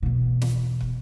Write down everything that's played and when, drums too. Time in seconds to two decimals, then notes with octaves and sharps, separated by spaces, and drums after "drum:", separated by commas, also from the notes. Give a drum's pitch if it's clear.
0.02 E2 B2
0.42 drum: snare
0.81 drum: kick